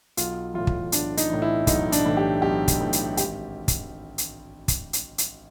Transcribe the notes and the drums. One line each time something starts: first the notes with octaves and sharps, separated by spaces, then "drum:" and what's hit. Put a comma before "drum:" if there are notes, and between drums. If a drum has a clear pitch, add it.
B1 F4, drum: hi-hat
A2 E3 F4
drum: kick
B1 D4, drum: hi-hat
D#4, drum: hi-hat
A2 E3
E4
B1 D#4, drum: kick, hi-hat
D4, drum: hi-hat
A2 E3
G4
B1 G4
drum: kick, hi-hat
A2 E3
drum: hi-hat
G#1 G4, drum: hi-hat
drum: kick, hi-hat
drum: hi-hat
drum: kick, hi-hat
drum: hi-hat
drum: hi-hat